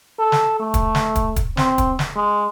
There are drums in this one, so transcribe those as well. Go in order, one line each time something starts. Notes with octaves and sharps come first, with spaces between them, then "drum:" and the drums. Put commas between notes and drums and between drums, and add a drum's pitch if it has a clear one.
A4
drum: snare
A3
drum: kick, hi-hat
drum: snare
drum: kick, hi-hat
drum: kick, hi-hat
C4, drum: snare
drum: kick, hi-hat
drum: snare
G#3